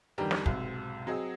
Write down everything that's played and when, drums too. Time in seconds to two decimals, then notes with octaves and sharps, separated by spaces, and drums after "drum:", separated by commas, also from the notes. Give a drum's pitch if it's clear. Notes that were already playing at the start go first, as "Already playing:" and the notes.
0.18 E2 D3 D#3 G3 G4 A#5
0.31 drum: snare
0.46 B1 G#2 C3, drum: kick
1.07 F#3 C4 G#4 D#5